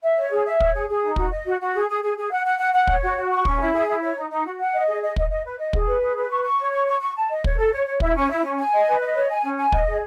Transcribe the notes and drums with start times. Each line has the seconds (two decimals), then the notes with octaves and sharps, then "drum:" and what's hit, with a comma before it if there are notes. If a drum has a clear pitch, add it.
0.02 E5
0.17 C#5
0.31 G#4
0.45 E5
0.60 C#5, drum: kick
0.74 G#4
0.89 G#4
1.03 D#4
1.16 F#4, drum: kick
1.31 D#5
1.46 F#4
1.60 F#4
1.74 G#4
1.89 G#4
2.02 G#4
2.17 G#4
2.31 F#5
2.45 F#5
2.59 F#5
2.73 F#5
2.87 C#5, drum: kick
3.03 F#4
3.16 F#4
3.30 C#6
3.45 C#4, drum: kick
3.59 E4
3.73 G#4
3.88 E4
4.02 C#5
4.16 D#4
4.30 D#4
4.45 F#4
4.59 F#5
4.73 D#5
4.87 G#4
5.02 D#5
5.16 D#5, drum: kick
5.30 D#5
5.45 B4
5.58 D#5
5.73 G#4, drum: kick
5.86 B4
6.01 G#4
6.16 B4
6.29 C#6
6.43 C#6
6.59 C#5
6.72 C#6
6.86 C#6
7.00 C#6
7.15 A5
7.30 D#5
7.44 C#5, drum: kick
7.58 A4
7.72 C#5
7.87 C#5
8.00 E4, drum: kick
8.15 C#4
8.30 E4
8.44 C#4
8.58 G#5
8.72 D#5
8.86 B4
9.01 D#5
9.14 C#5
9.29 G#5
9.43 C#4
9.57 G#5
9.72 D#5, drum: kick
9.86 G#4